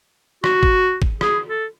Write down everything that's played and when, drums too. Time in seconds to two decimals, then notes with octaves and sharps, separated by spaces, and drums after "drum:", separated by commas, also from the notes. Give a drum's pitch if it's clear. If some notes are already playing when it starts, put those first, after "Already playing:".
0.44 F#4, drum: rim click
0.63 drum: kick G#1
1.02 drum: kick G#1
1.21 G#4, drum: rim click
1.48 A4